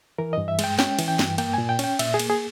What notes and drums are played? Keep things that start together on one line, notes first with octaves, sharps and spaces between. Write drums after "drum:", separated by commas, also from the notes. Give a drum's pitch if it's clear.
E3 A#4
G2 D#5
E5
G#3 G5, drum: cymbal
C#4 G5, drum: snare
E3, drum: cymbal
G5
G2, drum: snare
A#3 G5, drum: cymbal
A#2 G#5
G5
C#4 G5, drum: cymbal
A#2 E5, drum: cymbal
G#4
A#3, drum: cymbal
G#4